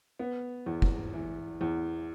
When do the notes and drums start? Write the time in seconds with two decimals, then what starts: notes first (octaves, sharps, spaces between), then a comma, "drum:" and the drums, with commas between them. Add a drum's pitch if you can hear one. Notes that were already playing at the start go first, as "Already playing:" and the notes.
0.19 B3
0.66 E2
0.82 drum: kick
1.14 E3
1.61 E2